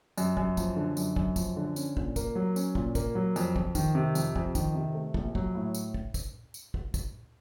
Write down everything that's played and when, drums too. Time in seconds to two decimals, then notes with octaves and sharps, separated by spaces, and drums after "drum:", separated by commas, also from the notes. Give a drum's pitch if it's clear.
0.18 F#2, drum: tambourine
0.37 F#2, drum: kick
0.57 F3, drum: kick, tambourine
0.76 D3
0.97 F#2, drum: tambourine
1.16 F#2, drum: kick
1.36 F3, drum: kick, tambourine
1.56 D3
1.76 C#4, drum: tambourine
1.97 A#2, drum: kick
2.16 A#3, drum: kick, tambourine
2.35 F#3
2.56 C#4, drum: tambourine
2.75 A#2, drum: kick
2.95 A#3, drum: kick, tambourine
3.15 F#3
3.36 F2, drum: tambourine
3.56 F2, drum: kick
3.75 D#3, drum: kick, tambourine
3.95 C3
4.15 F2, drum: tambourine
4.36 F2, drum: kick
4.55 D#3, drum: kick, tambourine
4.75 C3
4.94 A3
5.14 A#1, drum: kick
5.35 F#3, drum: kick
5.55 A2
5.74 drum: tambourine
5.94 drum: kick
6.14 drum: kick, tambourine
6.54 drum: tambourine
6.74 drum: kick
6.94 drum: kick, tambourine